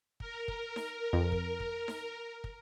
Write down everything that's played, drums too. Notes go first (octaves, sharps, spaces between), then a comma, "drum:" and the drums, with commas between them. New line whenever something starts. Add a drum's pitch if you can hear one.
A#4, drum: kick
drum: kick
drum: snare D#4
F2
drum: kick
drum: kick
drum: snare D#4
drum: kick